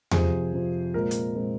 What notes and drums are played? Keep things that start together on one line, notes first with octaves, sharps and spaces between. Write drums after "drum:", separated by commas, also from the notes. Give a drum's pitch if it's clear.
F2 C3 F3 C4 G#4 C5, drum: tom E2
F2 C3 F3 C4
A#2 G#3 C4 A#4
drum: hi-hat
A#2 G#3 C4